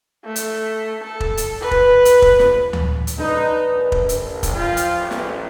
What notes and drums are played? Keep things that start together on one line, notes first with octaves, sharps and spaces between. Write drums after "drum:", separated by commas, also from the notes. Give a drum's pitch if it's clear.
A3
drum: hi-hat
A4
drum: kick
drum: hi-hat
B4
drum: kick
drum: hi-hat
drum: kick
drum: snare
drum: tom D2
drum: hi-hat
D4 D#4 B4
A#1
drum: kick
drum: hi-hat
drum: kick, hi-hat
F3 F4 G5
drum: hi-hat
A1
drum: snare